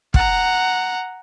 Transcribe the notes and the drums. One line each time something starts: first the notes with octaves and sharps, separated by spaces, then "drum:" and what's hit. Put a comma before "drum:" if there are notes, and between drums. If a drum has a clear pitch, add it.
F#5 A#5, drum: kick